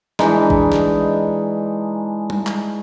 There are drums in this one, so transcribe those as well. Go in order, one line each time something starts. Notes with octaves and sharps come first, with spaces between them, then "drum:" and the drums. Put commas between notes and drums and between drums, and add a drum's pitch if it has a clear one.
E3 G#3 D4 D#4, drum: snare
drum: kick A1
drum: snare
drum: tom G3
drum: clap